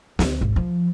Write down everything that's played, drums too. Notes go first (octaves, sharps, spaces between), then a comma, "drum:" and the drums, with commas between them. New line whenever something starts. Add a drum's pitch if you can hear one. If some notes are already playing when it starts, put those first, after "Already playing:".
D2, drum: snare
G#1
F3